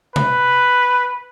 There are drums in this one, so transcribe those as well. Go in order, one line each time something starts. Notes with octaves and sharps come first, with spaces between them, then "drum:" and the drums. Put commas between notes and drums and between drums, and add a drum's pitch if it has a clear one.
B4, drum: tom C3